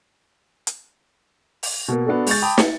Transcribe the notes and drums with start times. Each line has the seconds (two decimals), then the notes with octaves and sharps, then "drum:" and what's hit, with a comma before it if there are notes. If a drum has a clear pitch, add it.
0.67 drum: hi-hat
1.63 drum: open hi-hat
1.88 B2 A#3
2.07 B3 D4 F#4 A4
2.27 G#3 C#6 G6 A6, drum: open hi-hat
2.42 G5 A5 B5 D6 D#6
2.58 C#7, drum: snare